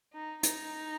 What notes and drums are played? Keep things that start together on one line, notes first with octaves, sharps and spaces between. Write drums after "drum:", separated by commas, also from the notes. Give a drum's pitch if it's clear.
D#4
D#4, drum: hi-hat